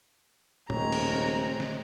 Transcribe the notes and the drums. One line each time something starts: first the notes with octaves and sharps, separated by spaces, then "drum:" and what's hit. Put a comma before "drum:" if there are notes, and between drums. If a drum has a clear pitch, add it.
D#1 C#3 G#3 A3 C4 C#5 A#5, drum: tom
drum: cymbal
drum: snare